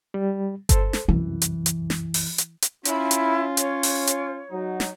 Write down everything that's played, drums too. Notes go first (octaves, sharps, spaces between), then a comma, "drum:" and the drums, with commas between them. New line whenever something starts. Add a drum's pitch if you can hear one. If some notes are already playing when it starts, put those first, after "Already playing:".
G3
A4 C5, drum: kick G1, hi-hat
drum: snare
C2 F#2 E3
drum: hi-hat
drum: hi-hat
drum: snare
drum: open hi-hat
drum: hi-hat
drum: hi-hat
C#4 E4 F4, drum: hi-hat
drum: hi-hat
C#5, drum: hi-hat
drum: open hi-hat
drum: hi-hat
F#3 D#4
drum: snare